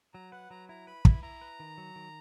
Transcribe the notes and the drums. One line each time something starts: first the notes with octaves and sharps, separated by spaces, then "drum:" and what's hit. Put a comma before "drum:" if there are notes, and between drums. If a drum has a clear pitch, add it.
F#3 A#5
B4 F#5
F#3 A#5
E4 A#5
B4 B5
E4, drum: kick
E4 A#5
B4
D#3
F#3
D#3